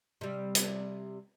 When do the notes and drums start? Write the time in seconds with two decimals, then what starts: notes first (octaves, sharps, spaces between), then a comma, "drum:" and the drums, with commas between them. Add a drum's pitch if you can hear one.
0.21 C3 G3
0.55 drum: hi-hat